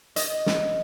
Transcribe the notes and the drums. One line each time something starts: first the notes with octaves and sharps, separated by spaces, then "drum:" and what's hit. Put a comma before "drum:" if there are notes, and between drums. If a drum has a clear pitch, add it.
D#5, drum: hi-hat
drum: snare